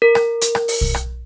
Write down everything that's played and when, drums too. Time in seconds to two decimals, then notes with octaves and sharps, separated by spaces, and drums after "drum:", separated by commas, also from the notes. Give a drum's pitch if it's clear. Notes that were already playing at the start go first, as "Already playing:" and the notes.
0.02 A#4
0.15 drum: rim click
0.42 drum: hi-hat
0.55 drum: rim click
0.68 drum: open hi-hat
0.81 drum: kick
0.94 drum: rim click